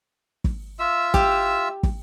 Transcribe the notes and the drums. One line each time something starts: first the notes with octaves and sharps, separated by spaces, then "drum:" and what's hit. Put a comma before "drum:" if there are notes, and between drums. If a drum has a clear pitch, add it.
drum: kick
F4 E5 E6
G4, drum: kick
drum: kick